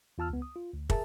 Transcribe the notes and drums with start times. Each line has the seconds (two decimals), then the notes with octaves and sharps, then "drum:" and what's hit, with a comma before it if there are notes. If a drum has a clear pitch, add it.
0.18 E2 F4 A5 E6 F6
0.30 C#2 B3
0.42 D#6
0.56 F4
0.73 D2
0.90 G#4 A#4 E5 A5, drum: kick